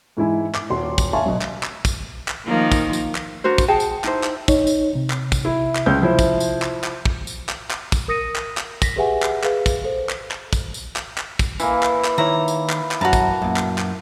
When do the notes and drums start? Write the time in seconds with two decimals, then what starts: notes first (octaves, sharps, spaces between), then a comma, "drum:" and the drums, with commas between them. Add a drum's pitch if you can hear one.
0.17 G#2 E3 E4 G#5
0.55 D6, drum: clap
0.70 D#1 F#4 C6
0.98 drum: kick, tambourine
1.13 E5 F5 G#5 A5 C6 C#6
1.26 B2 F#3
1.41 drum: clap
1.63 drum: clap
1.85 drum: kick, tambourine
2.28 drum: clap
2.46 D#3 F3 A#3
2.72 drum: kick, tambourine
2.93 drum: tambourine
3.15 drum: clap
3.44 D4 F#4 A#4 C5
3.58 drum: kick, tambourine
3.68 G#4 F#5 G5 A5
3.80 drum: tambourine
4.04 D#4 E4 C5, drum: clap
4.23 drum: clap
4.48 D#4 C#5, drum: kick, tambourine
4.67 drum: tambourine
4.95 C3
5.10 drum: clap
5.32 drum: kick, tambourine
5.45 E4
5.75 drum: clap
5.86 C#2 G6
6.02 F3 E4 C5
6.19 drum: kick, tambourine
6.40 drum: tambourine
6.62 drum: clap
6.84 drum: clap
7.05 drum: kick
7.27 drum: tambourine
7.49 drum: clap
7.71 drum: clap
7.92 drum: kick, tambourine
8.08 A#4 D#6 A#6 C#7 D#7
8.36 drum: clap
8.57 drum: clap
8.82 A#6 B6, drum: kick, tambourine
8.96 G4 G#4 B4 E5 F#5 G#5
9.22 drum: clap
9.44 G#4 B4 F5, drum: clap
9.66 drum: kick, tambourine
9.84 A4 C5
10.09 drum: clap
10.31 drum: clap
10.53 drum: kick, tambourine
10.74 drum: tambourine
10.96 drum: clap
11.18 drum: clap
11.39 drum: kick, tambourine
11.60 E3 A#3, drum: tambourine
11.83 drum: clap
12.04 drum: clap
12.18 D#3 E4 C#5 A#5
12.48 drum: tambourine
12.70 drum: clap
12.91 drum: clap
13.01 F#2 C#4 F#4 A5 A#5
13.13 drum: kick, tambourine
13.42 F#2 A#2
13.56 drum: clap
13.78 drum: clap